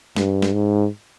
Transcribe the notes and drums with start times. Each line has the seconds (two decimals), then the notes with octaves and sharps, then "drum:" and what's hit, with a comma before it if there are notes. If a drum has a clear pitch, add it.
0.16 G2, drum: snare
0.42 drum: snare
0.54 G#2